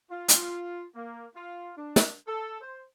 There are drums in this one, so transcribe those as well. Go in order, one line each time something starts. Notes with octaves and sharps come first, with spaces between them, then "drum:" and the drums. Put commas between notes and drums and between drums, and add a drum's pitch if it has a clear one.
F4
drum: hi-hat
A#3
F4
D4
drum: snare
A4
C5